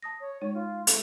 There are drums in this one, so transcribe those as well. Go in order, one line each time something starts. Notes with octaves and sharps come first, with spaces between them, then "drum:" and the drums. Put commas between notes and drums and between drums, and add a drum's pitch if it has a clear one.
A5 D#6 A#6
C#5
G#3 D#4 C#5
F4
A3, drum: hi-hat